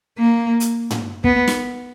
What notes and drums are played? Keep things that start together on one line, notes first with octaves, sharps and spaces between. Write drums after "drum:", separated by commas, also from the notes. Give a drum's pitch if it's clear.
A#3
drum: hi-hat
drum: tom
B3, drum: kick
drum: snare